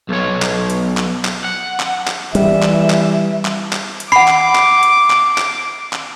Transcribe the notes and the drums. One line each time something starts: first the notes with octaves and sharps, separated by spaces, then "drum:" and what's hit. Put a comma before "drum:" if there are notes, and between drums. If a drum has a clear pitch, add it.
B1 C#5
drum: clap
drum: hi-hat
drum: clap
drum: clap
F#5
drum: clap
drum: clap
E3 G3 E5, drum: hi-hat
drum: clap
drum: clap
drum: clap
drum: clap
drum: hi-hat
F#5 B5 D6 C7
drum: clap
drum: clap
drum: hi-hat
drum: clap
drum: clap
drum: clap